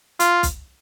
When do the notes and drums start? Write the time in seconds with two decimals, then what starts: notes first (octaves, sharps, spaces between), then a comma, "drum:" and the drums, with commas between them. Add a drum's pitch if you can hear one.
0.20 F4, drum: hi-hat
0.43 drum: kick, hi-hat